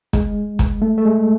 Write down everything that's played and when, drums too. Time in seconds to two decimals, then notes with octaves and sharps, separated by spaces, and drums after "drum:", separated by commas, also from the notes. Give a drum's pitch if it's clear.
0.13 G#3, drum: kick, hi-hat
0.59 drum: kick, hi-hat
0.82 A3
0.98 A3
1.05 G#3